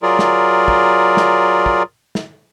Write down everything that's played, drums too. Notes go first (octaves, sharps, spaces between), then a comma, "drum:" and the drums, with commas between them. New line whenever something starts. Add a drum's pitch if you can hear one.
F#3 F4 G#4 A#4 D5
drum: snare
drum: kick
drum: snare
drum: kick
drum: snare